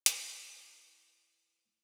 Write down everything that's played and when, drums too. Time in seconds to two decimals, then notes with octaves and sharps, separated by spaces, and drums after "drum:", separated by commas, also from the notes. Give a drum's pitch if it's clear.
0.06 E4 B4, drum: hi-hat